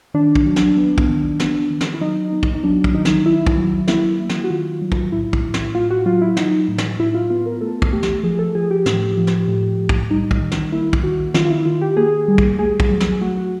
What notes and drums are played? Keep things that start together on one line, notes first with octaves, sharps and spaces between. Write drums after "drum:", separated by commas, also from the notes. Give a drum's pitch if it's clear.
D#3 D4
drum: kick
F#3
drum: snare
B3
drum: kick
D#3
B3, drum: snare
D#3
drum: snare
E4
F#3 D#4
B3
drum: kick
D#4
F#3 D4
drum: kick
D#3 D#4
drum: snare
D#3 E4
drum: kick
F#3
A#3 E4, drum: snare
F#3
drum: snare
F#4
D#3 F4
F#3
drum: kick
A2 E4
drum: kick
A2
drum: snare
A2 F4
F#4
F#3 F4
E4
F#3 D#4, drum: snare
A2
drum: snare
A2 E4
F4
B3 F4
A#4
A3 A4
drum: kick
A3 G4
drum: snare
F3 G#4
A4
F3 G#4
G4
A2, drum: snare
F3
drum: snare
A2
A2
drum: kick
G3 D#4
drum: kick
D#3
drum: snare
A#3 E4
drum: kick
D#3 F#4
D#3 F4, drum: snare
F4
E4
D#3 F4
G4
A#3 G#4
G3
drum: kick
A3 G#4
drum: kick
F#3
drum: snare
A3 F#4
F#4